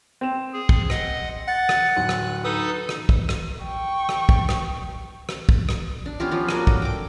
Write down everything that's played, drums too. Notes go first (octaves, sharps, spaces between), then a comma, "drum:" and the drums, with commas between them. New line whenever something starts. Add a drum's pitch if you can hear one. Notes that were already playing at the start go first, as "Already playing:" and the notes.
C4 E7
G#4
drum: kick
D#5 F#5, drum: rim click
F#5 A6
drum: rim click
D1 F#6
drum: rim click
D#4 A4 B4 D#6
drum: rim click
drum: kick
drum: rim click
G5 C#6
drum: rim click
drum: kick
drum: rim click
drum: rim click
drum: kick
drum: rim click
D4
B3 C#4 F4 G4
F3 C#4
A#3 D4 F#4 D5, drum: rim click
A4, drum: kick
G5 D6